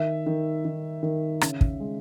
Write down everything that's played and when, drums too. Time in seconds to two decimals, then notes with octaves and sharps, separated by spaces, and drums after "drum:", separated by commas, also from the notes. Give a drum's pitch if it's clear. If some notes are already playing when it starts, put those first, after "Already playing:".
Already playing: D#3 E5
0.26 D#3
0.65 D#3
1.03 D#3
1.41 C#3, drum: rim click
1.61 drum: kick
1.80 G#3